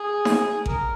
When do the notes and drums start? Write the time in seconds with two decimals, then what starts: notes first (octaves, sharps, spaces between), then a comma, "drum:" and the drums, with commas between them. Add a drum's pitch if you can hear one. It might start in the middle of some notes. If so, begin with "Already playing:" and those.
Already playing: G#4
0.25 drum: snare D#4
0.66 A#4, drum: kick A1